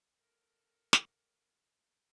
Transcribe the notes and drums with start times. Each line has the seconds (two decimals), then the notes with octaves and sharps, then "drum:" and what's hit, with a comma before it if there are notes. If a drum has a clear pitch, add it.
0.17 A4 A#4
0.93 drum: snare